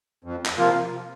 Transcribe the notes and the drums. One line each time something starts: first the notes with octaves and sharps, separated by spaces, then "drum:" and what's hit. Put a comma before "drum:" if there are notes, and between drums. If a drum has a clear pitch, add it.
F2
drum: clap
C3 F3 A#3 F4